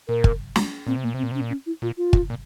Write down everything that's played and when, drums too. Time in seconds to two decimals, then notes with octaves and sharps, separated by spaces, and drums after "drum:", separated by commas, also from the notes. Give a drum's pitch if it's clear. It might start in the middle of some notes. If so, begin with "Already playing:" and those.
0.08 A#2 A#4
0.24 drum: kick
0.56 drum: snare
0.87 A#2 C4
0.96 C3
1.03 A#2 A#3
1.14 C3
1.19 C4
1.23 A#2
1.31 C3 C#4
1.41 A#2
1.50 C#4
1.66 E4
1.82 A#2 F4
1.97 F4
2.13 G2, drum: kick
2.30 A#2